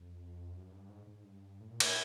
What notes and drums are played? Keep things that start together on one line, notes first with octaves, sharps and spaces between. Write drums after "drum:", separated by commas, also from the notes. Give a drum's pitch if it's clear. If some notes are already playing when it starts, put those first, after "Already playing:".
Already playing: F2
F#2
G2
G#2
G#2
G2
A2
A#2
A2, drum: cymbal